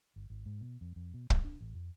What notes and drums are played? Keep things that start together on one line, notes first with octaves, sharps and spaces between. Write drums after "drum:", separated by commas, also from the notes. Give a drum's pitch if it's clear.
G1
G#1
G#2
B2
F2
F2
B2
F#3, drum: kick
D4
A1
F2